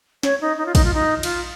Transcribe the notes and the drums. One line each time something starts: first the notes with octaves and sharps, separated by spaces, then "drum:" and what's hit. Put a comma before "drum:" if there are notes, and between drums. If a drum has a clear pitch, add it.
C#5, drum: snare
D#4
D#4
F4
D#4, drum: kick, cymbal
F4
D#4
F4, drum: cymbal